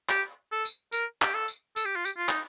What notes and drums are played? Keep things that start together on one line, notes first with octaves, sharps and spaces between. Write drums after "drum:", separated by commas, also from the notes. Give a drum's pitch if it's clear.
G4, drum: clap
A4
drum: tambourine
A#4, drum: tambourine
G4, drum: clap
A4
drum: tambourine
A4, drum: tambourine
G4
F4
G4, drum: tambourine
F4
D#4, drum: clap